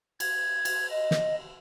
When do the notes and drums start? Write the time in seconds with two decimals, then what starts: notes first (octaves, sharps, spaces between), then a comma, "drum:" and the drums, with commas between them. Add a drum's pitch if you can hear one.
0.20 G#6, drum: cymbal
0.65 drum: cymbal
0.91 D#5
1.11 drum: snare